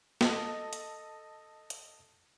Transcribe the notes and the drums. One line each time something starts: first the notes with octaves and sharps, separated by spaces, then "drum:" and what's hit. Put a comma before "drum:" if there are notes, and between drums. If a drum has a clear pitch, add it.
A4 D#5, drum: snare
drum: hi-hat
drum: hi-hat